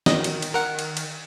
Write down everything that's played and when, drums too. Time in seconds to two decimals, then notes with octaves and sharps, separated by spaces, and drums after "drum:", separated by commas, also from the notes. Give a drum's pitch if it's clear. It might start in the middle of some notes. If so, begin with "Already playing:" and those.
0.06 D#3 D#5, drum: snare
0.24 drum: cymbal
0.42 drum: cymbal
0.54 A#4 F#5
0.79 drum: cymbal
0.97 drum: cymbal